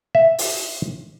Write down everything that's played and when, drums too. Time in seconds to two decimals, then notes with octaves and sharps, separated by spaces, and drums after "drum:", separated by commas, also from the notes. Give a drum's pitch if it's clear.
0.15 E5
0.38 drum: open hi-hat